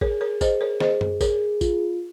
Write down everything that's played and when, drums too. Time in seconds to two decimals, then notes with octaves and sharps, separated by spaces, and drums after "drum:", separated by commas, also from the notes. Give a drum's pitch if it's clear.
0.01 G#4 A#4 C#5, drum: kick G#1
0.21 A#4 C#5
0.41 G#4 C5 D#5, drum: kick G#1, tambourine
0.61 A#4 C#5
0.80 G#4 C5 D#5, drum: snare
1.01 drum: tom F#2
1.21 G#4 A#4 C#5, drum: kick G#1, tambourine
1.61 F4, drum: kick G#1, tambourine